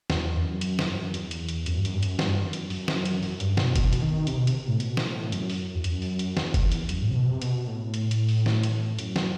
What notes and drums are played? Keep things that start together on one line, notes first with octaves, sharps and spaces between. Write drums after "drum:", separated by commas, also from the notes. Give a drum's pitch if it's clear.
E2, drum: snare
F#2
drum: hi-hat
drum: snare
G2
F#2
E2, drum: hi-hat
drum: hi-hat
drum: hi-hat
F#2, drum: hi-hat
G2
F#2, drum: hi-hat
G2
F#2, drum: hi-hat
G2, drum: snare
F#2
drum: hi-hat
F#2, drum: open hi-hat
drum: snare
drum: hi-hat
F#2, drum: open hi-hat
G2, drum: hi-hat
B2, drum: snare
B2, drum: kick F#1, hi-hat
drum: hi-hat
D#3
C3, drum: hi-hat
B2
C3, drum: hi-hat
A2
B2, drum: hi-hat
drum: snare
A2
F#2, drum: hi-hat
drum: open hi-hat
E2
F#2, drum: hi-hat
drum: open hi-hat
drum: hi-hat
E2, drum: snare
drum: kick F#1, hi-hat
drum: hi-hat
F#2, drum: hi-hat
A2
C3
B2
C3
B2, drum: hi-hat
A2
drum: hi-hat
drum: hi-hat
drum: open hi-hat
drum: snare
drum: hi-hat
F#2, drum: hi-hat
drum: snare